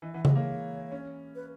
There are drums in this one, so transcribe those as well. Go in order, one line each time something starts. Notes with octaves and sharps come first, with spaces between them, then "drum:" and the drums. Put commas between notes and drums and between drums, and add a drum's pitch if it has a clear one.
E3 D#5
E3 F#5
G#3 D#5, drum: tom C#3
A#3 C#5
C#4
B4